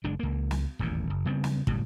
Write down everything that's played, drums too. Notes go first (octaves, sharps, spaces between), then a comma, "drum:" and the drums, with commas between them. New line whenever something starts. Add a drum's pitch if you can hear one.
F#1 G#3 D4
C#2 A#3
drum: snare
D#1 A1 E2 A#2
F#1
C#3 G3 B3 C4
drum: snare
F#1 A2 G3, drum: kick